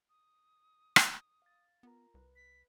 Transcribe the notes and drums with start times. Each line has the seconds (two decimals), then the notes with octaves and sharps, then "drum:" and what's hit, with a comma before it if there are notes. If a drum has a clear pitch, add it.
0.09 D#6
0.96 drum: rim click
1.42 F5 A6
1.83 B3 F4 A#4 A#5
2.14 C2 B4
2.36 B6